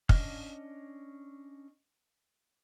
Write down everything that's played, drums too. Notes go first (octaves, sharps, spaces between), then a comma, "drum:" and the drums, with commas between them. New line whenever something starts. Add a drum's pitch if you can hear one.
C#4 D4 D#5 F6, drum: kick